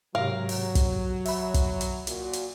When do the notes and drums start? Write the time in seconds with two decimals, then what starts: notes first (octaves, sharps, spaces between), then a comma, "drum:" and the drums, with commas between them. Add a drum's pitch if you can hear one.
0.15 G#2 C3 F#3 G4 A#4 F5
0.49 drum: open hi-hat
0.75 drum: kick, hi-hat
1.25 E5 B5, drum: open hi-hat
1.54 drum: kick, hi-hat
1.81 drum: hi-hat
2.07 A#2 F#4, drum: hi-hat
2.33 drum: hi-hat